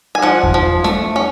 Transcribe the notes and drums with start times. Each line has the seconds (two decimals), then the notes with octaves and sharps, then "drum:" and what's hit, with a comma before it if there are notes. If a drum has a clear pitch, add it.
0.15 G#5
0.22 F3 F#5
0.43 drum: kick E2
0.54 F3
0.84 A3, drum: snare
1.16 C#4